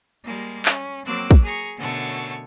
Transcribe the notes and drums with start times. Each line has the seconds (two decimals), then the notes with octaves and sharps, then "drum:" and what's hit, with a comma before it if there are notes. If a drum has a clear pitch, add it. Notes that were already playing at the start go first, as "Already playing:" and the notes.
0.24 G3 G#3 A#3
0.65 C#4, drum: clap
1.05 F#3 A#3 C4 D6 E6 F#6
1.31 drum: kick
1.43 G#4 A#5 C#6
1.78 F#2 B2 D3 A3 C#5